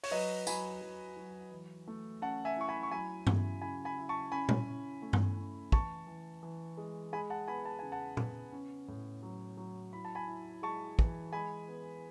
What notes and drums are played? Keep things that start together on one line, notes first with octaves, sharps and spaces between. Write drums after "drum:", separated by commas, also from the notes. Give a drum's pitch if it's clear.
C#5, drum: open hi-hat
F#3 B4 D#5
F#3 G#5 B5, drum: tambourine
F#3
F#3
E3
A3
C#4 F#5 A5
E5 G#5
E4 C#6
G#5 B5
C#6
F#3 G#5 B5
C#3, drum: tom G2
C#3 G#5 B5
G#5 B5
E4
A5 C#6
C#4 G#5 B5
drum: tom A#2
C#4
A3
drum: tom G2
C#4
E3 A5 C#6, drum: kick
E3
E3
G#3
G#3 G#5 B5
F#5 A5
B3 G#5 B5
A5
C#3 G#5
F#5 A5
B3, drum: tom A#2
C#4
A2
F#3
F#3
E4 B5
A5
G#5 B5
E4
G#3 A5 C#6
E3, drum: kick
G#3 G#5 B5
B3